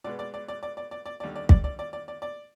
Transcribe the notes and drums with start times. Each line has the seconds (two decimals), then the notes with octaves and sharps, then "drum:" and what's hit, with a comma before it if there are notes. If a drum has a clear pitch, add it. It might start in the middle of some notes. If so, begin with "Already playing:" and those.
0.04 B2 G#3 B3 D5
0.19 D5
0.34 D5
0.48 D5
0.63 D5
0.77 D5
0.91 D5
1.06 D5
1.20 D5
1.23 D#2 D3 G3
1.36 D5
1.49 D5, drum: kick
1.64 D5
1.79 D5
1.93 D5
2.08 D5
2.22 D5